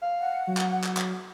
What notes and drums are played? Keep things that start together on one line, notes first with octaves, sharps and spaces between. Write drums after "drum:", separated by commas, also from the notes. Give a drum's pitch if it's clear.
F5
F#5
F#3
drum: clap
drum: clap
drum: clap